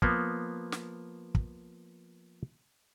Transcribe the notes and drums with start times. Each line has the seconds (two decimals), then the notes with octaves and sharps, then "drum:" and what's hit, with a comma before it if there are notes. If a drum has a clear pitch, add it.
0.02 F3 A#3 B3, drum: kick
0.72 drum: snare
1.35 drum: kick